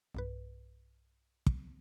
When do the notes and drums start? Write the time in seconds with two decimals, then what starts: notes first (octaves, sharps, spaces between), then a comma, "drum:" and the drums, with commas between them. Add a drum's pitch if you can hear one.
0.15 B1 G2 B4
1.46 drum: kick